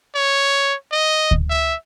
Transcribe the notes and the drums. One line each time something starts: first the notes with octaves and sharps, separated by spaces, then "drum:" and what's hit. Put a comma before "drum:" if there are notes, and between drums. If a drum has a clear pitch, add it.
C#5
D#5
drum: kick D2
E5